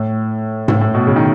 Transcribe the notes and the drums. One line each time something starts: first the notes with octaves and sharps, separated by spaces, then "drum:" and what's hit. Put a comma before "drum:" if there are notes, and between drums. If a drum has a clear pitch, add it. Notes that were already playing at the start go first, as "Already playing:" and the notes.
Already playing: A2
A2, drum: tom G#2
A2
B2
C#3
D#3